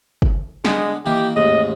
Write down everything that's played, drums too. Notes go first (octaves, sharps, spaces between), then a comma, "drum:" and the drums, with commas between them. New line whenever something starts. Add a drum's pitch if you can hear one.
drum: kick
D3 G#3 B3, drum: snare
D#3 E3 A#3 G4
A1 D#2 G#2 D#5